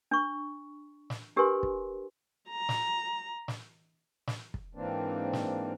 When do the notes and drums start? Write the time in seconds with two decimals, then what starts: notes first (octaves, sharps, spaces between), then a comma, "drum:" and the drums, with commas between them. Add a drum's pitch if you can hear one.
0.11 D4 C#6
1.10 drum: snare
1.36 D4 G4 A#4 B4 G#5 C6
1.63 drum: kick
2.50 A#5
2.69 drum: snare
3.48 drum: snare
4.27 drum: snare
4.54 drum: kick
4.75 G#2 E3 A#3 C4 D4
5.33 drum: snare